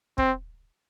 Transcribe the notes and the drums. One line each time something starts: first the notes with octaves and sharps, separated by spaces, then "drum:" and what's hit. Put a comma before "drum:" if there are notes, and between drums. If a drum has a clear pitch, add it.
C4, drum: kick